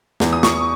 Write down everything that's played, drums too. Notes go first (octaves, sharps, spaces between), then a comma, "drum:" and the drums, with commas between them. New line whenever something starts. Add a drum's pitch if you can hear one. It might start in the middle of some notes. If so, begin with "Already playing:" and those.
E2, drum: snare
D#6
C#6, drum: snare